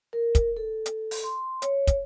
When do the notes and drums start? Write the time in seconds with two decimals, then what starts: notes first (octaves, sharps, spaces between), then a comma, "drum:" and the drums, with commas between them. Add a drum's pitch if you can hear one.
0.13 A#4
0.35 drum: kick, hi-hat
0.57 A4
0.86 drum: hi-hat
1.11 drum: open hi-hat
1.24 C6
1.62 C#5, drum: hi-hat
1.87 drum: kick, hi-hat